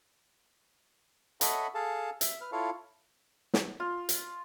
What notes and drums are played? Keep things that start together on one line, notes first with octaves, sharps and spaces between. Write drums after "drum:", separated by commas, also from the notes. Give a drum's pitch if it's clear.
A4 C#5 D#5 E5 F#5 B5, drum: hi-hat
G#4 A4 F5 A5
E5, drum: hi-hat
B4 F6
E4 F4 A4 C#5 F5
drum: snare
F4
drum: hi-hat